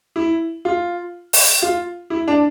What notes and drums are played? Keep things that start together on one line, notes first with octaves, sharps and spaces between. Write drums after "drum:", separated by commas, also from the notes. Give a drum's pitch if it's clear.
E4
F4
drum: open hi-hat
F4
E4
D4